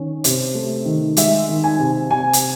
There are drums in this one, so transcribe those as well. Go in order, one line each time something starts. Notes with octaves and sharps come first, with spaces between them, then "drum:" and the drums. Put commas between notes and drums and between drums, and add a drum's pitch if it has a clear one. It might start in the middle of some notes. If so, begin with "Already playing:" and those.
Already playing: D#3 C#4
C3, drum: hi-hat
A3
D#3
G#3 E5, drum: hi-hat
D#3
G#5
C3
C3 G#5
drum: hi-hat